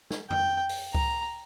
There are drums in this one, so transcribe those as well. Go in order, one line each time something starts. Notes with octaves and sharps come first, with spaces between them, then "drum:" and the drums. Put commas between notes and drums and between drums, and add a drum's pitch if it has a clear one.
drum: snare
G5, drum: tom F2
drum: open hi-hat
A#5, drum: kick C#2